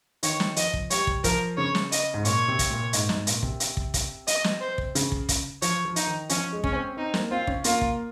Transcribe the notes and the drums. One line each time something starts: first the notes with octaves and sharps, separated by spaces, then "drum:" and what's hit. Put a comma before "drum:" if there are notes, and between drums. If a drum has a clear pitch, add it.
D#3 C#5, drum: hi-hat
drum: snare
F3 D#5, drum: hi-hat
drum: kick
G3 C#5, drum: hi-hat
drum: kick
F3 A#4, drum: kick, hi-hat
C#3 C#5
drum: snare
D#5, drum: hi-hat
G#2
A#2 C#5, drum: hi-hat
C3
drum: kick, hi-hat
A#2
G#2, drum: hi-hat
G#2, drum: snare
A#2, drum: hi-hat
C3, drum: kick
drum: hi-hat
drum: kick
drum: kick, hi-hat
D#5, drum: hi-hat
drum: snare
C5
drum: kick
C#3, drum: hi-hat
drum: kick
drum: kick, hi-hat
F3 C#5, drum: hi-hat
F3
D#4, drum: hi-hat
D#3
F3 C#4, drum: hi-hat
G#3
C#4, drum: kick
C4
C4 D#4
A#3, drum: snare
C4 F4
C#4, drum: kick
A#3 F4, drum: hi-hat
drum: kick